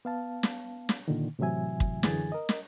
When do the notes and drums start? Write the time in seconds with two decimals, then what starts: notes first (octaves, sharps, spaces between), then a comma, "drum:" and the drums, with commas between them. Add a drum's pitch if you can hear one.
0.05 B3 F5 A5
0.43 drum: snare
0.89 drum: snare
1.08 A#2 D3 D#3
1.39 A2 C3 E3 F#3 E5 G#5
1.80 drum: kick
2.03 F#2 D3 E3 G#4 G#5 A6, drum: snare
2.32 A#4 D#5
2.49 drum: snare